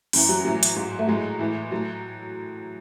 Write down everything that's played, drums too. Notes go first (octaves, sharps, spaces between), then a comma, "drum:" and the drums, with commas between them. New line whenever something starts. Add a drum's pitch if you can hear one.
F#2 E3, drum: open hi-hat
F#3
A2 E3 F#3
drum: hi-hat
G#2 F#3
A3
A2 F#3 G#3
A2 E3
A2 F#3